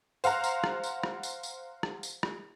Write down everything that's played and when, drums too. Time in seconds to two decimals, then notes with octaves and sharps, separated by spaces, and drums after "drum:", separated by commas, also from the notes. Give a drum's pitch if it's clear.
0.24 C5 F5 F#5 A#5, drum: tambourine
0.44 drum: tambourine
0.64 drum: rim click
0.84 drum: tambourine
1.03 drum: rim click
1.23 drum: tambourine
1.43 drum: tambourine
1.83 drum: rim click
2.03 drum: tambourine
2.23 drum: rim click